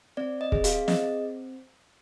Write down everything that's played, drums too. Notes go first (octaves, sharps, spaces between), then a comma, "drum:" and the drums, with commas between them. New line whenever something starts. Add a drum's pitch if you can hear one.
C4 D5
D#5
G#4, drum: kick
F5, drum: hi-hat
C4 D#5, drum: snare